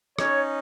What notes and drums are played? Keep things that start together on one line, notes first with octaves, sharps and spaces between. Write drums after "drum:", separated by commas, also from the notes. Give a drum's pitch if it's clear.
C#4 D#4 C#5, drum: rim click